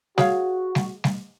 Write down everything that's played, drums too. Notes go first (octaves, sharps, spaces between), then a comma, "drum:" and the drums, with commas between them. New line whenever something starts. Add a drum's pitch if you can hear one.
F#4 G#4 C#5 F5, drum: snare
drum: snare
drum: snare